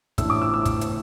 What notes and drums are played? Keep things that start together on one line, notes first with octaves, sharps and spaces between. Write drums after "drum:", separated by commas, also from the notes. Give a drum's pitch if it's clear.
A1 A2 A3 D4 E6, drum: kick, hi-hat
D6
E6
E6
drum: kick, hi-hat
drum: hi-hat